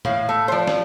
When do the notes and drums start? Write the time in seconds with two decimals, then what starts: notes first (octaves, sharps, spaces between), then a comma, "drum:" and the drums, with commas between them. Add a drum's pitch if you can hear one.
0.05 A2 F5, drum: tom
0.29 A3
0.48 C5
0.52 F3 D5
0.67 drum: snare